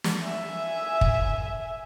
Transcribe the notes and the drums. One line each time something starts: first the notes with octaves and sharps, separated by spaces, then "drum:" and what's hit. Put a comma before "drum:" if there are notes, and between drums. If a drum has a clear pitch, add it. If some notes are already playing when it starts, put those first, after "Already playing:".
drum: snare
E5 G#5
drum: kick